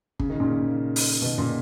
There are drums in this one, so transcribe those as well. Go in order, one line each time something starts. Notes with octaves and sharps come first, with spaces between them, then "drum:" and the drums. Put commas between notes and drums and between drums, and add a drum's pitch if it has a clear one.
C#3, drum: kick G1
D#3
A#2 C#3
drum: open hi-hat
B2 D#3
A#2 C#3